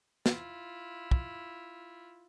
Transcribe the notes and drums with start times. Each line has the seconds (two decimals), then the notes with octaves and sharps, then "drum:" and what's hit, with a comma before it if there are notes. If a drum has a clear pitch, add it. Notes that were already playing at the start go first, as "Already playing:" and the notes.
0.26 E4 F4, drum: snare
1.11 drum: kick